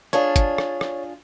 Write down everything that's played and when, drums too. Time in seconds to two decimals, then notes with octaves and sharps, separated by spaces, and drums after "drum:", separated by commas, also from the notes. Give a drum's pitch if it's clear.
0.13 D4 F4 G#4 C#5
0.36 drum: kick, hi-hat
0.58 drum: rim click
0.81 drum: rim click